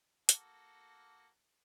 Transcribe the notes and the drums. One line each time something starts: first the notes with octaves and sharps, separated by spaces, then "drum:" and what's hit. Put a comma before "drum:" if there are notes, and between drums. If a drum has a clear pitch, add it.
A#3 F#4 A4, drum: hi-hat